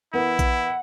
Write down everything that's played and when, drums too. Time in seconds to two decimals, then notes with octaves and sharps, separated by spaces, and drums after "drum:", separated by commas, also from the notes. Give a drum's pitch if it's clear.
0.13 E3 B3 E4 A#4 F#5
0.39 drum: kick A#1, hi-hat